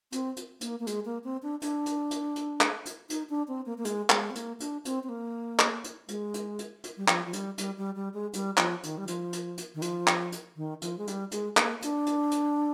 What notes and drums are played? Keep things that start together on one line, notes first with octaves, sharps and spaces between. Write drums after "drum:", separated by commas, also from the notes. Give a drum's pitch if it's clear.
C4, drum: hi-hat
drum: hi-hat
A#3, drum: hi-hat
A#3
G#3, drum: hi-hat
A#3
C4
D4
D4, drum: hi-hat
drum: hi-hat
drum: hi-hat
drum: hi-hat
drum: clap
drum: hi-hat
D#4, drum: hi-hat
D4
C4
A#3
A#3
G#3, drum: hi-hat
G#3, drum: clap
C4
A#3, drum: hi-hat
D4, drum: hi-hat
C4, drum: hi-hat
C4
A#3
drum: clap
drum: hi-hat
G#3, drum: hi-hat
drum: hi-hat
drum: hi-hat
drum: hi-hat
G3
F3, drum: clap
F3
G3, drum: hi-hat
G3, drum: hi-hat
G3
G3
G#3
G3, drum: hi-hat
F3, drum: clap
D#3, drum: hi-hat
G3
F3, drum: hi-hat
drum: hi-hat
drum: hi-hat
D#3
F3, drum: hi-hat
drum: clap
drum: hi-hat
D#3
F3, drum: hi-hat
G#3
G3, drum: hi-hat
G#3, drum: hi-hat
A#3, drum: clap
D4, drum: hi-hat
drum: hi-hat
drum: hi-hat